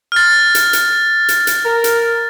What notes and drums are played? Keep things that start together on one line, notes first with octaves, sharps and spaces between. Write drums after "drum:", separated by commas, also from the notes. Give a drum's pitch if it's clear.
F6 A6
drum: hi-hat
drum: hi-hat
drum: hi-hat
drum: hi-hat
A#4
drum: hi-hat